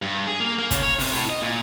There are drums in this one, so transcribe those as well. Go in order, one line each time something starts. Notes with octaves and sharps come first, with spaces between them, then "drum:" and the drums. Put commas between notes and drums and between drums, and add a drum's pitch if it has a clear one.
G2
G#4
A#3
A#3
C#3, drum: kick, hi-hat
C#5
C3, drum: open hi-hat
A2
D#5
A#2